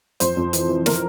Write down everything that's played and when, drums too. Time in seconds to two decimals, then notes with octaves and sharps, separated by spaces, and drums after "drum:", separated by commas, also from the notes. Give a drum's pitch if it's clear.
0.20 F2 C5, drum: hi-hat
0.37 F2
0.53 E3, drum: hi-hat
0.69 E3
0.86 A#4, drum: snare